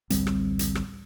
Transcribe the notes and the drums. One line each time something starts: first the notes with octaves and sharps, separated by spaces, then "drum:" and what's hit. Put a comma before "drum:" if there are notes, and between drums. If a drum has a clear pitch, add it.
A1 D2 G3 C4, drum: hi-hat
drum: rim click
drum: hi-hat
drum: rim click